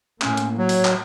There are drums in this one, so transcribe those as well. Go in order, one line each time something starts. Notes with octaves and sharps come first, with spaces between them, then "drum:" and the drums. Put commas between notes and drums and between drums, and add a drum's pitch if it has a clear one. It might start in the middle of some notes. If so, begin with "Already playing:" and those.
A2 A#3 C#4, drum: clap
drum: hi-hat
F#3 C#5
drum: open hi-hat
drum: clap